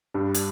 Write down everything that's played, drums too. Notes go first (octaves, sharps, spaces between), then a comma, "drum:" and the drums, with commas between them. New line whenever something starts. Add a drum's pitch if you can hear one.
G2 G3 D4
drum: hi-hat